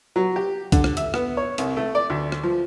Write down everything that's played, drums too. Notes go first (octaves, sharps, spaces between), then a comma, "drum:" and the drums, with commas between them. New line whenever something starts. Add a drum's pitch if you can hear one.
F#3
G4
D3, drum: kick B1, hi-hat
drum: rim click
E5, drum: hi-hat
B3, drum: rim click
C#5
C2, drum: hi-hat
A3
D5
D2
drum: rim click
F3